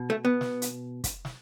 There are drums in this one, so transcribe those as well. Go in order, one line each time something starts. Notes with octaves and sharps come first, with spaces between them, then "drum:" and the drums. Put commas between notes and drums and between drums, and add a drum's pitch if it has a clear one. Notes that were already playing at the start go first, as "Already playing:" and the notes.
Already playing: B2
A3
B3
drum: snare
drum: hi-hat
drum: kick, hi-hat
drum: snare